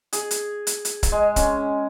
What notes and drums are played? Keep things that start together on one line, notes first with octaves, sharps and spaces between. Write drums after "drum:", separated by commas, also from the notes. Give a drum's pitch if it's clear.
G#4, drum: hi-hat
drum: hi-hat
drum: hi-hat
drum: hi-hat
drum: kick, hi-hat
G#3
C#4, drum: kick, hi-hat